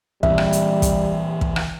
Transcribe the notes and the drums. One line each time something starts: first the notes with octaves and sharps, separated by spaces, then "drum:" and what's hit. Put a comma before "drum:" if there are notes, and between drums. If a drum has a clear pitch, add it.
A#2 E3 G3 C4 E5, drum: kick
drum: rim click
drum: hi-hat
drum: kick, hi-hat
drum: kick
drum: rim click